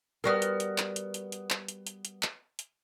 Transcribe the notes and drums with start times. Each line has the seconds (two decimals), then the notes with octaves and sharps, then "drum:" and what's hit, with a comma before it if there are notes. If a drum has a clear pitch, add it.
0.24 G3 B3 F#4 A#4 F6
0.42 drum: hi-hat
0.60 drum: hi-hat
0.78 drum: clap
0.96 drum: hi-hat
1.14 drum: hi-hat
1.32 drum: hi-hat
1.50 drum: clap
1.68 drum: hi-hat
1.87 drum: hi-hat
2.05 drum: hi-hat
2.23 drum: clap
2.59 drum: hi-hat